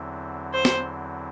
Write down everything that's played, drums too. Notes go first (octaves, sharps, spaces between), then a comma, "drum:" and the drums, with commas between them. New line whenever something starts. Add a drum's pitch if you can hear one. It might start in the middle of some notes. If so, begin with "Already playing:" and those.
Already playing: E2 D3 F#3 C4 E4
C5
drum: snare